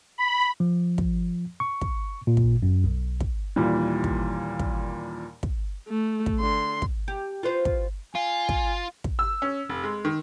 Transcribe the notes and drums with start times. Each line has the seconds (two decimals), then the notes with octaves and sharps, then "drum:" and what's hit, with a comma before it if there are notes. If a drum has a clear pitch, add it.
0.18 B5
0.60 F3
0.98 drum: kick
1.60 C#6
1.81 drum: kick
2.27 A#2
2.37 drum: kick
2.63 F#2
2.84 B1
3.20 drum: kick
3.56 D#2 A#2 E3 G3
4.04 drum: kick
4.59 drum: kick
5.43 drum: kick
5.88 A3
6.26 drum: kick
6.40 D3 C6
6.82 drum: kick
7.08 G4
7.43 F4 B4 C5
7.65 drum: kick
8.15 F4 G#5
8.49 drum: kick
9.04 drum: kick
9.19 E6
9.42 C#4
9.69 F1
9.84 G#3
10.05 D#3